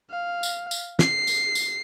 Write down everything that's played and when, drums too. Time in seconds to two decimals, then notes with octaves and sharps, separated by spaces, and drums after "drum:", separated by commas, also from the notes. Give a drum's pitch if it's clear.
0.11 F5
0.43 drum: tambourine
0.71 drum: tambourine
0.99 C7, drum: snare
1.27 drum: tambourine
1.55 drum: tambourine